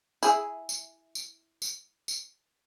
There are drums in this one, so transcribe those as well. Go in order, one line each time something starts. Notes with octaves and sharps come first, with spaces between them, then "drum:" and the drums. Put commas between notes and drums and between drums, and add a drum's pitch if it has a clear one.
E4 G#4, drum: tambourine
drum: tambourine
drum: tambourine
drum: tambourine
drum: tambourine